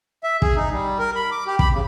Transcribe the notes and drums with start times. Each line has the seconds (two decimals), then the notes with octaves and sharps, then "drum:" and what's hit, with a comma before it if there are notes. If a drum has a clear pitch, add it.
0.24 E5
0.42 G#4, drum: kick
0.56 D#4
0.71 G3
0.99 A#4
1.15 B5
1.32 D6
1.47 G4
1.59 B5, drum: kick
1.71 C#3